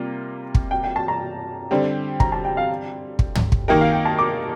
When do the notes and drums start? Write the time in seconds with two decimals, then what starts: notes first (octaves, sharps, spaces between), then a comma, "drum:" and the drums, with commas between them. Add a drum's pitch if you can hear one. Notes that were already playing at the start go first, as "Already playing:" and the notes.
Already playing: C3 G3 A#3 F4
0.55 drum: kick
0.71 G5
0.84 G5
0.96 A5
1.08 A#5
1.71 D3 G3 C4 G4
2.20 A#5, drum: kick
2.32 A5
2.45 G5
2.57 F5
3.19 drum: kick
3.35 drum: tom
3.52 drum: kick
3.68 D#3 A#3 D#4 G4 A#4 G5
3.81 F5
3.93 G5
4.05 A5
4.19 D6